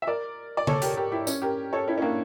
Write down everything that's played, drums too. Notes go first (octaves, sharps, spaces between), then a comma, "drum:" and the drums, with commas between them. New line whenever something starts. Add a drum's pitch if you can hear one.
E5
A#4 D5
D5
A4 C#5, drum: tom C#3
G4 A#4, drum: hi-hat
G4 A#4
E4 G4
C#4, drum: tambourine
G4 A#4
A4 C#5
C#4 E4
C#4
A#3 D4